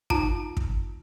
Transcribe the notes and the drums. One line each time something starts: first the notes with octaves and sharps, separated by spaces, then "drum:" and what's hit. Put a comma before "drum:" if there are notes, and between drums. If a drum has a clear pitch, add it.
D#4 F4 A5 A#5, drum: kick
drum: kick